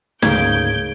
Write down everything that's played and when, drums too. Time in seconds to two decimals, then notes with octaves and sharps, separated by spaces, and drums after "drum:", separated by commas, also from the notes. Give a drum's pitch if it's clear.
0.22 D2 G#2 C#3 A#3 G6 G#6 D7, drum: snare